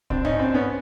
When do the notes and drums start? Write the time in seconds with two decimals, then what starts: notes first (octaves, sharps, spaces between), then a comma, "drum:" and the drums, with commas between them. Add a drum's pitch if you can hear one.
0.10 C4 D4, drum: kick B1
0.25 C#4 D#4, drum: tom G#2
0.39 C4 D4
0.54 B3 C#4